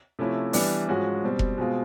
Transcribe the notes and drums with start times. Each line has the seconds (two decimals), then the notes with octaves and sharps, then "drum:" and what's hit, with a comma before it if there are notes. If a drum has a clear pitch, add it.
0.19 C3 F3 A3 C#4 E4
0.53 E3 G3 B3 D4, drum: open hi-hat
0.88 G#2 F3 G#3 C#4 F#4
1.24 B2 G3 C4
1.39 drum: kick F1
1.58 B2 G#3 C4 F4